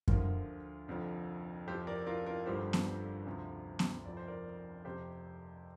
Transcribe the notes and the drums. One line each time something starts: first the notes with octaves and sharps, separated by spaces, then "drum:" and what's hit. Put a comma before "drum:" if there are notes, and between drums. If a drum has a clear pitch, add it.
D2 D3 F3 F4 A#4, drum: kick F#2
F1 F2 D3 F3
F1 F2 F3 G4 C5
A#4 D5
F4 A#4
F4 A#4
G1 G2 D3 F3 G4 C5
drum: snare B3
D2 C3 F3
drum: snare B3
F1 F2 F3 D5
C5
A#4 D5
F1 F2 C3 G4 C5